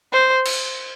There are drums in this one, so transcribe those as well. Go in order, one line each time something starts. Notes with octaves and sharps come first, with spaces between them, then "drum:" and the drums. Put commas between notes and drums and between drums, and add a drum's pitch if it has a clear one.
C5
drum: cymbal